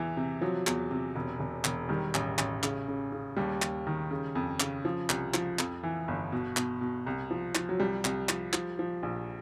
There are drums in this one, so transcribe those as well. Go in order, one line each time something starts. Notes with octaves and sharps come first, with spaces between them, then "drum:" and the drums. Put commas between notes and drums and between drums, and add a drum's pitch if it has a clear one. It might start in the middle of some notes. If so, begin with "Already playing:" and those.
Already playing: E2 E3
C3
F3 F#3
E2, drum: clap
C3
E1
E1
E1, drum: clap
D#3 G3
A1, drum: clap
A1, drum: clap
C#3, drum: clap
C#3
C#3
D#2 G3
D#2, drum: clap
D#3
C#3
F2
C#3, drum: clap
F3
C2, drum: clap
F3, drum: clap
F2, drum: clap
E3
G1
B2
B2, drum: clap
B2
C2
F3
F3, drum: clap
F#3
C2 G3
C2, drum: clap
F3, drum: clap
F3, drum: clap
F3
A#1